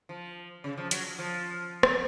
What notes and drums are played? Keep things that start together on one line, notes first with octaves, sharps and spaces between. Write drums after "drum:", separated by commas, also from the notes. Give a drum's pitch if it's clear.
F3
C#3
F3
F#3, drum: hi-hat
F3
drum: rim click